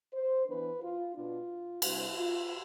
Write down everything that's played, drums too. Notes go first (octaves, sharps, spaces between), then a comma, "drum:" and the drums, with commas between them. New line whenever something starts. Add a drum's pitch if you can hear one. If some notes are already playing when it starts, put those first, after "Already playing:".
C5
E3 B3 D4 B4
F4
B2 B3 D4 F4
C3 G3 D4 E4, drum: cymbal
F4